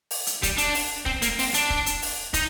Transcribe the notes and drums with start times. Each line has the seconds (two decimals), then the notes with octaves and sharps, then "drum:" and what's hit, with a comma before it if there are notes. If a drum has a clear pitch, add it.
0.11 drum: open hi-hat
0.27 drum: hi-hat
0.43 G3, drum: kick, hi-hat
0.58 D4, drum: hi-hat
0.74 drum: open hi-hat
1.06 C4, drum: kick
1.22 A#3, drum: hi-hat
1.39 C4, drum: open hi-hat
1.54 D4, drum: hi-hat
1.70 drum: kick
1.86 drum: hi-hat
2.02 drum: open hi-hat
2.34 D#4, drum: kick, hi-hat